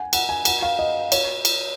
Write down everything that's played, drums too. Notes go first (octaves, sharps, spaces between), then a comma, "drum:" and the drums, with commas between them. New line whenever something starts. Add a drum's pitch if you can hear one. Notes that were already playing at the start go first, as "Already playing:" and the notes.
Already playing: F#5 G#5
F#5, drum: cymbal
G#5
F#5, drum: cymbal
F5
D#5
C#5, drum: cymbal
drum: cymbal